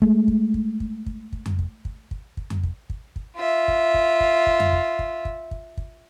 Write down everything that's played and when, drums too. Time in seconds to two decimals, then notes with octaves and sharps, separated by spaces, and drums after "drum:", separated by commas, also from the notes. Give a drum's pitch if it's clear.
0.02 G#3 A3, drum: kick
0.28 drum: kick
0.54 drum: kick
0.80 drum: kick
1.06 drum: kick
1.33 drum: kick
1.46 drum: tom F2
1.59 drum: kick
1.85 drum: kick
2.11 drum: kick
2.37 drum: kick
2.50 drum: tom F2
2.63 drum: kick
2.90 drum: kick
3.16 drum: kick
3.37 F4 E5
3.68 drum: kick
3.94 drum: kick
4.20 drum: kick
4.47 drum: kick
4.60 drum: tom F2
4.73 drum: kick
4.99 drum: kick
5.25 drum: kick
5.51 drum: kick
5.77 drum: kick